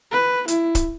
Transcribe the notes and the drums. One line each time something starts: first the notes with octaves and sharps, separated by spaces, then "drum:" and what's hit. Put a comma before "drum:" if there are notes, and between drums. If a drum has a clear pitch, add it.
B4
E4, drum: hi-hat
drum: kick, hi-hat